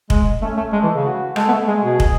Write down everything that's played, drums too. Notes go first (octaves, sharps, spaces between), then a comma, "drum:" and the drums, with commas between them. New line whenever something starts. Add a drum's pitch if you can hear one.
G#3, drum: kick
A3 C#4
A3
G#3 A3
E3
C#3
F#4
G#3 A4, drum: rim click
B3
A3
G#3 G#4
B2
drum: kick